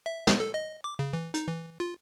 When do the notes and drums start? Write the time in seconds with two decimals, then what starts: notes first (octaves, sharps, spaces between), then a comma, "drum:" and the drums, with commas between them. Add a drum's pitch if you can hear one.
0.06 E5
0.27 B3, drum: snare
0.40 A4
0.54 D#5
0.84 D6
0.99 C#3
1.13 E3
1.34 D#4, drum: hi-hat
1.48 E3
1.80 F4